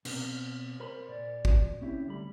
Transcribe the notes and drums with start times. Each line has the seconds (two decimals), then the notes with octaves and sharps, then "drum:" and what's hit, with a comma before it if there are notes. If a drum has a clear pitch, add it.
0.05 B2 B3 C4, drum: cymbal
0.80 A#4 C5 B5 C6
1.08 A#2 D5
1.45 drum: kick
1.81 C4 C#4 E4 G4
2.06 D2 G3 B5